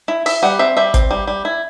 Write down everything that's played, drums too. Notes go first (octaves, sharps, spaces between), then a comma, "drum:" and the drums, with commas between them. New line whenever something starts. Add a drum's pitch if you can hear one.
E4
E4 E5, drum: open hi-hat
G3 F#5
C4 E5
G3 E5
C4, drum: kick, hi-hat
G3
G3
E4